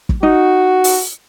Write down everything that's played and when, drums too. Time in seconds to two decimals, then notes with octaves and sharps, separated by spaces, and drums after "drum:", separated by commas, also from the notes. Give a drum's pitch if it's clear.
0.09 drum: kick
0.23 D#4 F#4
0.84 drum: open hi-hat